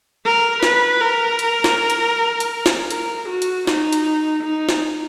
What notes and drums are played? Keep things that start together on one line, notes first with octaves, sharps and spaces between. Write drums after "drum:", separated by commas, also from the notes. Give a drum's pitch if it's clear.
A#4
B4, drum: snare
A#4
drum: hi-hat
drum: snare
drum: hi-hat
drum: hi-hat
drum: snare
A#4, drum: hi-hat
F#4
drum: hi-hat
D#4, drum: snare
drum: hi-hat
D#4
drum: snare